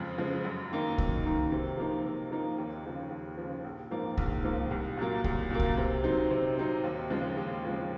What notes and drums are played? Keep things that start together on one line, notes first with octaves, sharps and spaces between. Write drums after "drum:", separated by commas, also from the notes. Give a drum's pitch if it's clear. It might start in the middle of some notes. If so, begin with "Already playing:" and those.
Already playing: F2 C#3 F3 G#3
C#3 F3 G#3
F#2
D#3 A#3 D#4
F#2, drum: kick C2
D#3 A#3 D#4
C3
F3 A#3 D#4
C3
F3 A#3 D#4
D#2
C#3 F3
D#2
C#3 F3
A#1
G#2 F3 A#3 D#4
A#1, drum: kick C2
G#2 F3 A#3 D#4
C2
A#2 F#3 A#3
C2, drum: kick C2
A#2 F#3 A#3
drum: kick C2
C3
F#3 C4 D#4
C3
F#3 C4 D#4
D#2
C#3 F3 G#3
D#2
C#3 F3 G#3